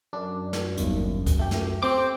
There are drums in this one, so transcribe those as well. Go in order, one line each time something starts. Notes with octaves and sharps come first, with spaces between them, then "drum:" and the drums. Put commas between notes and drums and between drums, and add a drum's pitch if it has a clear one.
F#2 D4
drum: snare
G1 D#2, drum: hi-hat
drum: kick, hi-hat
A3 G4
drum: snare
C4 G5 D6